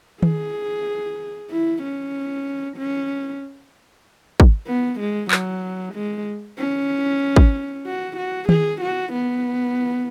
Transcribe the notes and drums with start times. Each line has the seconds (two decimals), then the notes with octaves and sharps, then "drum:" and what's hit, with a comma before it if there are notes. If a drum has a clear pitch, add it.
0.22 G#4, drum: tom D#3
1.51 E4
1.83 C#4
2.77 C#4
4.40 drum: kick
4.67 B3
5.00 G#3
5.31 F#3, drum: clap
5.94 G#3
6.59 C#4
7.36 drum: kick
7.86 F#4
8.17 F#4
8.49 G#4, drum: tom D#3
8.81 F#4
9.13 B3